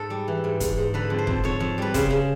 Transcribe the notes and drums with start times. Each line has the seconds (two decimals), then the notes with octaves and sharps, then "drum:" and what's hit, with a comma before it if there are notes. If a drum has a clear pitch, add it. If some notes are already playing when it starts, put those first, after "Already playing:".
Already playing: G#2 A4
0.10 G3
0.28 E3
0.44 G#2
0.60 G#2, drum: kick, hi-hat
0.78 G#2
0.94 D3 B4
1.10 F2
1.18 C5
1.27 F2, drum: kick
1.44 F2 C#5
1.60 F2
1.78 G3 B4
1.94 C#3 C5, drum: kick, hi-hat
2.10 C#3